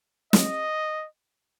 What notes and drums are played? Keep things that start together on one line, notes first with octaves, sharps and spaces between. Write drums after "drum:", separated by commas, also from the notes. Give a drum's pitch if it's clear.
D#5, drum: snare